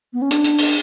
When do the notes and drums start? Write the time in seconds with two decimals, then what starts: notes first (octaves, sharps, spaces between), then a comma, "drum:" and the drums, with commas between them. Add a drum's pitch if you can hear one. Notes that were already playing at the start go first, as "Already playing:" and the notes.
0.13 B3
0.22 C#4
0.31 D4, drum: hi-hat
0.44 drum: hi-hat
0.58 drum: open hi-hat